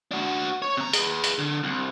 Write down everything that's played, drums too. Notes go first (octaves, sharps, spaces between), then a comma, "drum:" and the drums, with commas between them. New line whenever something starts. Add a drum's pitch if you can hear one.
D4 F#4
C#5
C3 A#5
G#4 B4, drum: hi-hat
drum: hi-hat
D3
C2